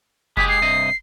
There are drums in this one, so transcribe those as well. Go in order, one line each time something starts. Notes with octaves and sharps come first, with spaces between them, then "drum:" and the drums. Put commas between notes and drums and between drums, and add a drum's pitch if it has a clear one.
G#3 G4 G#4 B6, drum: kick F1
C7
G2 C3 D#5